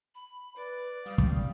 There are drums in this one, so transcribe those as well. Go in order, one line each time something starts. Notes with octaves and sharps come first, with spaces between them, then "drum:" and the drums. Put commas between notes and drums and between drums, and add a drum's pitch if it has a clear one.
B5
B4 D5
G3 F5 D#6
drum: kick